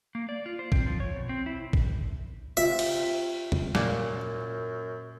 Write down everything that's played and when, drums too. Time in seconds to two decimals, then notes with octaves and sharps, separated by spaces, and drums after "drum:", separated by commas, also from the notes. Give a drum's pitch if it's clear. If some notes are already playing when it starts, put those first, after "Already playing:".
0.15 A#3
0.29 D5
0.46 F4
0.59 C5
0.72 C4, drum: kick
0.86 F3
1.00 C#5
1.16 B2
1.29 C4
1.46 E4
1.73 drum: kick
2.57 C3 F4 E5
2.79 drum: cymbal
3.52 drum: tom E2
3.75 F#2 A#2, drum: snare